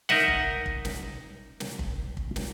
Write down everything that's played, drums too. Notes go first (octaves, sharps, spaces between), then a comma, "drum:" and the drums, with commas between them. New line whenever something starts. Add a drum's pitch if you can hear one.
D#4 A#4 D#5 E5 F#5, drum: snare
drum: kick
drum: kick
drum: snare
drum: snare
drum: kick
drum: kick
drum: snare